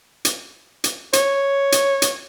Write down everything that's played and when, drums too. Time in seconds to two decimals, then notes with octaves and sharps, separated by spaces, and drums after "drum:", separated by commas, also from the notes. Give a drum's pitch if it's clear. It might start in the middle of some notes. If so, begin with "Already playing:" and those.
0.25 drum: hi-hat
0.84 drum: hi-hat
1.13 C#5, drum: hi-hat
1.72 drum: hi-hat
2.02 drum: hi-hat